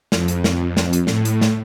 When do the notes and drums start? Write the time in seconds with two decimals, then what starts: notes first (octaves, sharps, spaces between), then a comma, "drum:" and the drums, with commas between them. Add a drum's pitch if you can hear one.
0.12 F2, drum: snare
0.28 drum: hi-hat
0.44 drum: snare
0.77 drum: snare
0.93 drum: hi-hat
1.07 A2, drum: snare
1.25 drum: hi-hat
1.41 drum: snare